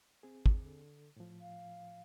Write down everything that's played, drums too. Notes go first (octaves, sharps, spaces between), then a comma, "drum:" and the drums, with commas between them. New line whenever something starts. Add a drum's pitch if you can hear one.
C4 G#4
drum: kick
D3
A2 F3
F5